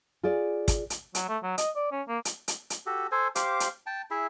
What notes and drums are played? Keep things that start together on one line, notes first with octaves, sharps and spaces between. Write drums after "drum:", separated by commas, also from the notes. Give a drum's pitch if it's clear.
F4 G#4 D5
drum: kick, hi-hat
drum: hi-hat
F#3, drum: hi-hat
A3
F#3
D#5, drum: hi-hat
D5
C#4
A#3
drum: hi-hat
drum: hi-hat
drum: hi-hat
F#4 G4 A4
A4 C5 G#5
G4 C5 F5 D6, drum: hi-hat
drum: hi-hat
G5 A5
E4 G#4 E5